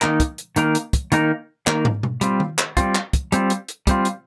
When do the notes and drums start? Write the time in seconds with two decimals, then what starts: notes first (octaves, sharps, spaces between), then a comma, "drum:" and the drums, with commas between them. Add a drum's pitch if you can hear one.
0.02 D#3 A#3 D#4 A#4, drum: clap
0.20 drum: kick, hi-hat
0.38 drum: hi-hat
0.56 D#3 A#3 D#4 A#4, drum: hi-hat
0.75 drum: hi-hat
0.93 drum: kick, hi-hat
1.12 D#3 A#3 D#4 A#4, drum: hi-hat
1.67 D#3 A#3 D#4 A#4, drum: clap
1.85 drum: tom
2.03 drum: tom B2
2.21 G3 C4 F4, drum: hi-hat
2.40 drum: tom D#3
2.58 drum: clap
2.77 G3 C4 F4, drum: kick, hi-hat
2.95 drum: clap
3.13 drum: kick, hi-hat
3.32 G3 C4 F4, drum: hi-hat
3.50 drum: hi-hat
3.68 drum: hi-hat
3.87 G3 C4 F4, drum: kick, hi-hat
4.05 drum: hi-hat